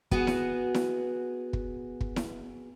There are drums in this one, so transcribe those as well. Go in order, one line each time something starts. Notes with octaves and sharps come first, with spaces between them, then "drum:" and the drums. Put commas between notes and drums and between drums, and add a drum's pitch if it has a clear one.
B3 F#4 G#4, drum: kick
drum: snare E4
drum: snare E4
drum: kick
drum: kick
drum: snare E4